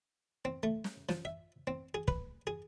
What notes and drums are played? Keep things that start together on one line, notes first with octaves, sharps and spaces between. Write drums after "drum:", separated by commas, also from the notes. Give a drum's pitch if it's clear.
C4
A3
drum: snare
F3, drum: snare
E5
C4
G#4
B4, drum: kick
G#4